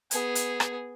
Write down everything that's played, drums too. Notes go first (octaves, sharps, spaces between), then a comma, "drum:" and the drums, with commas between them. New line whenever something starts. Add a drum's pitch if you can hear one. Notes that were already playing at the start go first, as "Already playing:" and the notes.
B3 G#4, drum: hi-hat
drum: hi-hat
drum: rim click